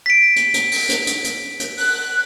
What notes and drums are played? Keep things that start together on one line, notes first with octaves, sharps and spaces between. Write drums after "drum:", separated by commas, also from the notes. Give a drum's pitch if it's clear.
B6 D7
drum: hi-hat
drum: hi-hat
drum: open hi-hat
drum: hi-hat
drum: hi-hat
drum: hi-hat
drum: hi-hat
F#6, drum: open hi-hat